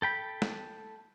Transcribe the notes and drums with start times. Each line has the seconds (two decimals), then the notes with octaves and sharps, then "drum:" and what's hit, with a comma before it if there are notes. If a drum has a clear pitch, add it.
0.02 A4 G5 B5
0.42 drum: snare